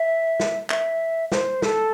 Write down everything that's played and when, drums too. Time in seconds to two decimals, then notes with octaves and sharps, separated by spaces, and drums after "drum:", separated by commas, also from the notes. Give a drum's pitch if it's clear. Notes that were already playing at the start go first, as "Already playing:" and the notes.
Already playing: E5
0.40 drum: snare
0.70 E5, drum: clap
1.32 C5, drum: snare
1.62 A4, drum: snare